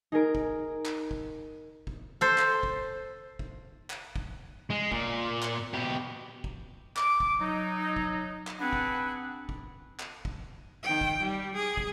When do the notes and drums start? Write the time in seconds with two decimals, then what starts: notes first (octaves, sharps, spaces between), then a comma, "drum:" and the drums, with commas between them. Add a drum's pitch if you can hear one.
0.12 D#4 G#4 A#4 D7
0.35 drum: kick
0.85 drum: clap
1.11 drum: kick
1.87 drum: kick
2.21 A4 C5
2.38 drum: clap
2.63 drum: kick
3.39 drum: kick
3.90 drum: clap
4.16 drum: kick
4.71 G#3
4.92 A#2, drum: kick
5.43 drum: clap
5.74 B2 G4
6.44 drum: kick
6.97 D6, drum: clap
7.20 drum: kick
7.41 F#3 D#4
7.96 drum: kick
8.47 drum: clap
8.61 C4 D4 G#4 B4 F#5
8.73 drum: kick
9.49 drum: kick
10.00 drum: clap
10.25 drum: kick
10.83 D#3 G5
11.01 drum: kick
11.19 G3
11.55 G#4
11.77 drum: kick